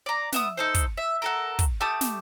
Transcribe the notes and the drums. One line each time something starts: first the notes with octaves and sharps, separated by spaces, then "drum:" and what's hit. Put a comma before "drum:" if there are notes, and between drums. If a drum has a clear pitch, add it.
D5 A#5
B3 E5 D#6, drum: snare
D#4 A4 C5
drum: kick, hi-hat
E5
F#4 A4 A#4
drum: kick, hi-hat
A3 G4 A5 D#6
drum: snare